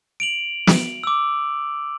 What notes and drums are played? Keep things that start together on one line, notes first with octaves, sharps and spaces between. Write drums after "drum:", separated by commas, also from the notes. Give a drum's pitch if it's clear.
D7 F7 F#7
drum: snare
D6 E6